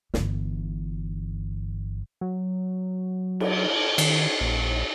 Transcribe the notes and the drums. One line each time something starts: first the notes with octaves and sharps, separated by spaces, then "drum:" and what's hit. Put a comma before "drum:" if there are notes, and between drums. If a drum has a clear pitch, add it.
G1 E3, drum: snare
F#3
drum: cymbal
D#3, drum: cymbal
A#1